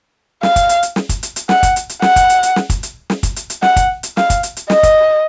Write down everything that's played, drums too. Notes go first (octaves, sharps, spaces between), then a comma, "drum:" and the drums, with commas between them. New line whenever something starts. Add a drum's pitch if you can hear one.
F5, drum: snare
drum: kick, hi-hat
drum: hi-hat
drum: hi-hat
drum: snare
drum: kick, hi-hat
drum: hi-hat
drum: hi-hat
F#5, drum: snare
drum: kick, hi-hat
drum: hi-hat
drum: hi-hat
F#5, drum: snare
drum: kick, hi-hat
drum: hi-hat
drum: hi-hat
drum: snare
drum: kick, hi-hat
drum: hi-hat
drum: snare
drum: kick, hi-hat
drum: hi-hat
drum: hi-hat
F#5, drum: snare
drum: kick, hi-hat
drum: hi-hat
F5, drum: snare
drum: kick, hi-hat
drum: hi-hat
drum: hi-hat
D#5, drum: snare
drum: kick, hi-hat